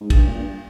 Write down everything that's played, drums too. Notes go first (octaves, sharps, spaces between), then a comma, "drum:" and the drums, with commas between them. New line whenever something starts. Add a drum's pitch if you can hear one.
G#2
G2, drum: kick, cymbal
A#2
G2